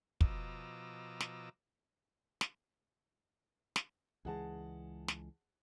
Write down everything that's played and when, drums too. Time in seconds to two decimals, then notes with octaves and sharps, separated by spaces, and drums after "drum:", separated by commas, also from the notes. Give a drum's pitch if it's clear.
0.21 B2 F3 D#5 A#5 D6 E6, drum: kick
1.20 drum: snare
2.41 drum: snare
3.76 drum: snare
4.25 C#2 E3 G#3 G#4 F#5 A5
5.08 drum: snare